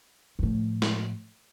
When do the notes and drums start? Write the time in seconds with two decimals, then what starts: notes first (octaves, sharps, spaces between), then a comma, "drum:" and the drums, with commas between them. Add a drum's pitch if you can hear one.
0.39 A2 F3
0.82 drum: snare